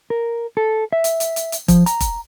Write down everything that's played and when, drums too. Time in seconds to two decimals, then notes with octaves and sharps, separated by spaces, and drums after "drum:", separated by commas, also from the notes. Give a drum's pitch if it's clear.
0.10 A#4
0.57 A4
0.93 E5
1.04 drum: hi-hat
1.20 drum: hi-hat
1.36 drum: hi-hat
1.52 drum: hi-hat
1.68 F3, drum: kick F1, hi-hat
1.86 A#5, drum: hi-hat
2.00 drum: kick F1, hi-hat